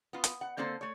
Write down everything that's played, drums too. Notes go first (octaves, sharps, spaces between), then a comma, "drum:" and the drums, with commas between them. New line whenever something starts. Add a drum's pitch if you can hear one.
B3 F4
drum: hi-hat
F#5
D3 A#3 C4 A4 C5
A3 C#5